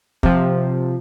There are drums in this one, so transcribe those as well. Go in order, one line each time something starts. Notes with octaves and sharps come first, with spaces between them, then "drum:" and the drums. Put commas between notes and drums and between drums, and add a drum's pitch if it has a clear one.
C3 F3, drum: kick